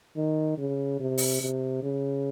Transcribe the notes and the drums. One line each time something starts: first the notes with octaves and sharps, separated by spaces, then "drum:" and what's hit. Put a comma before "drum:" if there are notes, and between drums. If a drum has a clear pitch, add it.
D#3
C#3
C3
drum: open hi-hat
C3
C#3